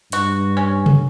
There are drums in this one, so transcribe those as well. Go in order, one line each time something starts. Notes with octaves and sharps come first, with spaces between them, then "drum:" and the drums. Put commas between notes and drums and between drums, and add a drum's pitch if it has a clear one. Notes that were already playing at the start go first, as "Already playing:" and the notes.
G2 F#4, drum: hi-hat
C#4
drum: tom C3